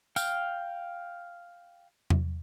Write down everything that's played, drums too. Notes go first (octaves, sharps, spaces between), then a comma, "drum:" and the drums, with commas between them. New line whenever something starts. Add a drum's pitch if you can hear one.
F5 G5, drum: tambourine
drum: tom E2